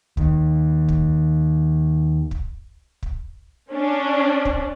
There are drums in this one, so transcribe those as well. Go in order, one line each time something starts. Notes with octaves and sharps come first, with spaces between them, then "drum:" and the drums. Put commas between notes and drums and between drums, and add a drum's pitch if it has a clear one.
D#2 D#3, drum: kick
drum: kick
drum: kick
drum: kick
C#4 D4
drum: kick